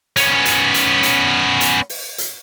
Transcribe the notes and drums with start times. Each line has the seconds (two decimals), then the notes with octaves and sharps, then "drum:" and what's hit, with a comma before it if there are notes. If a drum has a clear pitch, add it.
0.17 B3 C#4, drum: hi-hat
0.45 drum: hi-hat
0.74 drum: hi-hat
1.03 drum: hi-hat
1.61 drum: hi-hat
1.89 drum: open hi-hat
2.18 drum: hi-hat